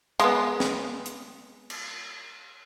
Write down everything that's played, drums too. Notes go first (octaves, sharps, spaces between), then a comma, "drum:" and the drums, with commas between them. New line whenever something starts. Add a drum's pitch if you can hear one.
G#3 B3, drum: hi-hat
drum: snare
drum: hi-hat
drum: cymbal